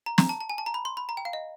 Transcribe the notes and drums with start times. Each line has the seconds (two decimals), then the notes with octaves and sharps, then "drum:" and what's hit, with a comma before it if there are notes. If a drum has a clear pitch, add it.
0.06 A#5
0.18 A#5, drum: snare
0.29 A5
0.41 A5
0.50 G#5
0.58 A5
0.66 A#5
0.74 B5
0.85 C6
0.97 B5
1.09 A#5
1.17 G5
1.25 F5
1.33 D#5